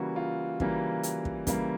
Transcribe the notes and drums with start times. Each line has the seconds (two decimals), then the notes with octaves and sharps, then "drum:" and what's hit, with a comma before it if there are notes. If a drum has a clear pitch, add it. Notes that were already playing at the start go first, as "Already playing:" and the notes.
Already playing: C#3 E3 G3 A#3 F#4
0.16 F4
0.60 C#3 E3 G3 A#3, drum: kick
1.03 drum: hi-hat
1.25 drum: kick
1.47 C#3 E3 G3 A#3, drum: kick, hi-hat